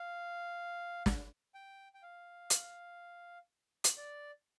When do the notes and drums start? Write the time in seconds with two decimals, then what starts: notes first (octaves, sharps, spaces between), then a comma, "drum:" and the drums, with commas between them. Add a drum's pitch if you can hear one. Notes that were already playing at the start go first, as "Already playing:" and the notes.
Already playing: F5
1.06 drum: snare
1.54 G5
1.94 G5
2.03 F5
2.50 drum: hi-hat
3.84 drum: hi-hat
3.97 D5